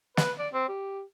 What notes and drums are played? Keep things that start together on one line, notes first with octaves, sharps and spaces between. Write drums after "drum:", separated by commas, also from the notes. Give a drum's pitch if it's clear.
B4, drum: snare
D5
C4
G4